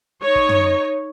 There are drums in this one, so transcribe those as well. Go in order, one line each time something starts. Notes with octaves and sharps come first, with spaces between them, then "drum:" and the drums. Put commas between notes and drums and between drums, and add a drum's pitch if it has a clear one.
D#4 C#5
drum: kick
drum: tom